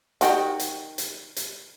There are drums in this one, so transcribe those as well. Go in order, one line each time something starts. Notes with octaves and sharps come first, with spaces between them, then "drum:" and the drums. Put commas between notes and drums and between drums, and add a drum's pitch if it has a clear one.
D#3 F#4 G4, drum: hi-hat
drum: hi-hat
drum: hi-hat
drum: hi-hat